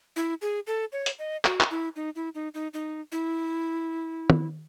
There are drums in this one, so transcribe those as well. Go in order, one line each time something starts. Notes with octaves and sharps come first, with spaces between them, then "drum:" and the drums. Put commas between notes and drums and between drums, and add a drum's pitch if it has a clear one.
E4
G#4
A4
C#5
drum: hi-hat
D#5
F#4, drum: clap
drum: clap
E4
D#4
E4
D#4
D#4
D#4
E4
drum: tom